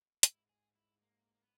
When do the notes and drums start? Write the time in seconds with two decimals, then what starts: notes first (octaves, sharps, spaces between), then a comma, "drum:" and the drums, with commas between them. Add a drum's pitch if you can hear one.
0.23 G#2 E4, drum: hi-hat
0.49 G#4
0.76 E4
1.02 A#3
1.34 A#3
1.42 B3